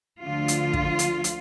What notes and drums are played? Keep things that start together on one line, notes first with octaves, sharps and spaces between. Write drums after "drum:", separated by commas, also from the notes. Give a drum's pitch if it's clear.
D2 D3 F3 A3 F4
drum: hi-hat
drum: kick
drum: hi-hat
drum: hi-hat